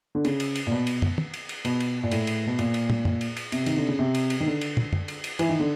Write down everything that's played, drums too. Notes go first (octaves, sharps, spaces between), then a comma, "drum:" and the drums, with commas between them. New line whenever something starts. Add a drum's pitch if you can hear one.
D3
C#3, drum: cymbal
drum: cymbal
drum: cymbal
A#2
B2
drum: cymbal
drum: tom
drum: tom
drum: cymbal
drum: cymbal
B2, drum: cymbal
drum: cymbal
A#2
A2, drum: cymbal
drum: cymbal
B2
A#2, drum: cymbal
drum: cymbal
drum: tom
drum: tom
drum: cymbal
drum: cymbal
C3, drum: cymbal
D#3, drum: cymbal
D3
C#3
C3
drum: cymbal
drum: cymbal
D#3
D3
drum: cymbal
drum: tom
drum: tom
drum: cymbal
drum: cymbal
E3, drum: cymbal
D#3
D3